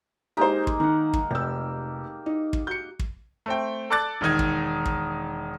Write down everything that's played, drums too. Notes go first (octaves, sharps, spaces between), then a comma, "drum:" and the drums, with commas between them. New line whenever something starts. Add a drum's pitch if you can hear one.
G#3 A#3 D#4 G4 C5
drum: kick
D#3 A#4 F#5
drum: kick
F1 G4 E6
D#4
drum: kick
F#4 G6 C#7
drum: kick
A3 C4 G5
A4 D5 A5 D6 F#6 A6
E1 D#3 D#4 G#6
drum: kick
drum: kick